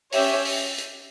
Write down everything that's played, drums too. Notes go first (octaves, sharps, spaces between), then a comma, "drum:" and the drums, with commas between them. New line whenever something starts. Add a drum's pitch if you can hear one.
C#4 G4 C#5 E5, drum: open hi-hat
drum: open hi-hat
drum: hi-hat